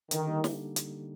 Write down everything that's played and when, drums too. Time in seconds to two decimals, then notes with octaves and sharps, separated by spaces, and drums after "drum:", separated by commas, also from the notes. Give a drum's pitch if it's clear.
0.11 D3 D#3, drum: hi-hat
0.27 G3 A#3 D#4 G4
0.44 D3, drum: snare
0.76 drum: hi-hat